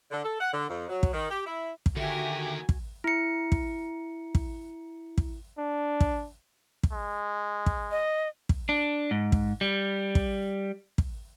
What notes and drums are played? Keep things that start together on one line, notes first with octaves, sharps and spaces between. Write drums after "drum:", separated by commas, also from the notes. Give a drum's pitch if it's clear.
D3
A4
F#5
D3
F2
F#3
drum: kick
D#3
G4
E4
drum: kick
D#2 D3 F#4 G4 A#4 E5 G#5
drum: kick
E4 C#7
drum: kick
drum: kick
drum: kick
D4
drum: kick
drum: kick
G#3
drum: kick
D#5
drum: kick
D4
G#2
drum: kick
G3
drum: kick
drum: kick